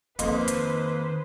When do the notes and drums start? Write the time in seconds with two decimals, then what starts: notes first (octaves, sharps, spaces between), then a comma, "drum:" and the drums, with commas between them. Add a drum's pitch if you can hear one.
0.19 F2 D#3 A#3 B4 C5 D#5 C6, drum: hi-hat
0.48 drum: hi-hat